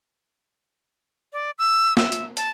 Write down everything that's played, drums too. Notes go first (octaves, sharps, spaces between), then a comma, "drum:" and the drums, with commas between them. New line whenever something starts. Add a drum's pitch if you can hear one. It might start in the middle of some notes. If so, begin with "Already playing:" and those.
D5
E6
E5, drum: snare
drum: hi-hat
A5, drum: hi-hat